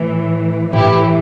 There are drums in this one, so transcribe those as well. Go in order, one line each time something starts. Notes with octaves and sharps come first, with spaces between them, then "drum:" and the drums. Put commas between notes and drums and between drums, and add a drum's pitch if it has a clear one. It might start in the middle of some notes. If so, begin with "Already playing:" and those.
Already playing: A2 E3
A2 E3 E4 G4, drum: tom G2